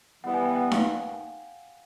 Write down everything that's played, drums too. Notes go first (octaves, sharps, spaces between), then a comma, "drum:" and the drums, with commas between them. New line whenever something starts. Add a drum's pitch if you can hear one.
E3 G3 B3 F#5
G#5
G5
F#5
F5, drum: snare D#4